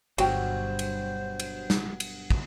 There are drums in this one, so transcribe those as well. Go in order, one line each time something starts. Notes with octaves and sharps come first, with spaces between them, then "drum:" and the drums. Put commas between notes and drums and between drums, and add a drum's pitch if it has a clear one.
G1 G2 B2 F#3 F#4 C5 G5, drum: cymbal
drum: cymbal
drum: cymbal
drum: snare
drum: cymbal
drum: kick